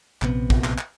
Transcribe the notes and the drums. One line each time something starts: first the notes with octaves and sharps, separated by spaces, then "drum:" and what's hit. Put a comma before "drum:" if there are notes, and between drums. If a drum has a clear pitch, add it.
A#1 C3 B3, drum: clap
drum: kick
drum: clap
drum: clap